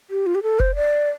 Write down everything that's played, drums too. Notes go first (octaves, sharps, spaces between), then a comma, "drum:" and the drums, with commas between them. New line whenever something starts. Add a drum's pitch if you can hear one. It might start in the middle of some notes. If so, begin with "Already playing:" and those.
G4
F4
G4
A4
C5, drum: kick F1
D5